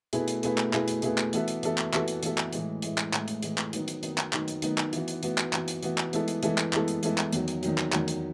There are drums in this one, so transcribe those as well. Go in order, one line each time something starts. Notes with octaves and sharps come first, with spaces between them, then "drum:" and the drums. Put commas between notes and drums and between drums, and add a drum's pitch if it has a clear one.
B2 A3 E4 G#4 B4, drum: hi-hat
drum: hi-hat
B2 A3 E4 G#4 B4, drum: hi-hat
drum: clap
B2 A3 E4 G#4 B4, drum: clap
drum: hi-hat
B2 A3 E4 G#4 B4, drum: hi-hat
drum: clap
E3 B3 F#4 A4 E5, drum: hi-hat
drum: hi-hat
E3 B3 F#4 A4 E5, drum: hi-hat
drum: clap
E3 B3 F#4 A4 E5, drum: clap
drum: hi-hat
E3 B3 F#4 A4 E5, drum: hi-hat
drum: clap
A2 E3 G#3, drum: hi-hat
A2 E3 G#3, drum: hi-hat
drum: clap
A2 E3 G#3, drum: clap
drum: hi-hat
A2 E3 G#3, drum: hi-hat
drum: clap
D#3 F#3 B3 D#4, drum: hi-hat
drum: hi-hat
D#3 F#3 B3 D#4, drum: hi-hat
drum: clap
D#3 F#3 B3 D#4, drum: clap
drum: hi-hat
D#3 F#3 B3 D#4, drum: hi-hat
drum: clap
E3 B3 F#4, drum: hi-hat
drum: hi-hat
E3 B3 F#4, drum: hi-hat
drum: clap
E3 B3 F#4, drum: clap
drum: hi-hat
E3 B3 F#4, drum: hi-hat
drum: clap
E3 G#3 B3 E4 A4, drum: hi-hat
drum: hi-hat
E3 G#3 B3 E4 A4, drum: hi-hat
drum: clap
E3 G#3 B3 E4 A4, drum: clap
drum: hi-hat
E3 G#3 B3 E4 A4, drum: hi-hat
drum: clap
E2 D#3 F#3, drum: hi-hat
drum: hi-hat
E2 D#3 F#3, drum: hi-hat
drum: clap
E2 D#3 F#3, drum: clap
drum: hi-hat